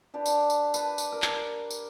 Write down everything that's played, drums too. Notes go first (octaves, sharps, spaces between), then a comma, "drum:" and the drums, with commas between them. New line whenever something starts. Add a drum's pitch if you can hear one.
D4 G4 B4
drum: tambourine
drum: tambourine
B4 A5, drum: tambourine
drum: tambourine
A#4
drum: clap
drum: tambourine